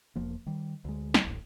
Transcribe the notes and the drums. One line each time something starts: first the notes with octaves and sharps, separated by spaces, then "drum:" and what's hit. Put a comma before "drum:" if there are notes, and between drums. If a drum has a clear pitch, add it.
E1 F3 A#3
D#3 G3
D2 G#3
drum: snare
D1 A1 A2